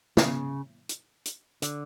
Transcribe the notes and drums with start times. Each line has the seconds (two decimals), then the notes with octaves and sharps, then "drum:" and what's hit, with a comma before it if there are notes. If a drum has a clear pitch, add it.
0.17 C#3, drum: snare
0.89 drum: hi-hat
1.25 drum: hi-hat
1.62 D3, drum: hi-hat